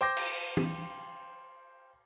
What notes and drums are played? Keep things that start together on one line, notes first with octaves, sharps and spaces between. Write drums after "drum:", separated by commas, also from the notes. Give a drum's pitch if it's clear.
C5 G5 D6 G6 A#6
drum: cymbal
drum: tom